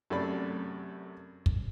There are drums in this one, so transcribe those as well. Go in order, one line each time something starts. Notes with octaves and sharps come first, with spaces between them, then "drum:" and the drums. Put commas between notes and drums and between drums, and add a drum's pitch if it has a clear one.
F#2 C3 A3 A4 D5 B5
drum: kick